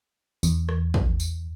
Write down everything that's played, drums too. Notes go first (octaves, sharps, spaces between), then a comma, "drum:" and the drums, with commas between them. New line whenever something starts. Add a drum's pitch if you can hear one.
E2, drum: tambourine
drum: rim click
drum: kick
drum: tambourine